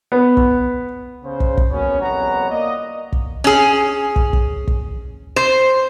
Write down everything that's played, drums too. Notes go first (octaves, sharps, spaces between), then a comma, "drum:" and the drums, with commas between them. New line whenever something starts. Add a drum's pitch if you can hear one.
B3
drum: kick
C#3 C5
drum: kick
drum: kick
F#3 A#3 B3 C#4
C2 F2 B3 C#5 F#5 A#5
A#3 D5 D#5
drum: kick
C#4 G#4
drum: kick
drum: kick
drum: kick
C5